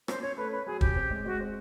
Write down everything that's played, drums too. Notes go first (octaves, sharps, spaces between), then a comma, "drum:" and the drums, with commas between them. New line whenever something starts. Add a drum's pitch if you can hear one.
C#4 C5, drum: rim click
C#4 C#5
A3 B4
C#4 B4
F#3 G#4
C#4 G4, drum: kick
C4
G#3
G#3 F#4
C4